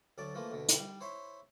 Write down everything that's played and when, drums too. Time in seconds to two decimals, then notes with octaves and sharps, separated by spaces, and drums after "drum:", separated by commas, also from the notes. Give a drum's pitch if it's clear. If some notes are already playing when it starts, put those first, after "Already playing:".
0.18 D2 F#3 D5 A5
0.35 E3 F3 A3 A#3
0.52 D2 B2 D3
0.69 drum: hi-hat
0.78 G3
1.00 E4 C5 C#5 E5 C6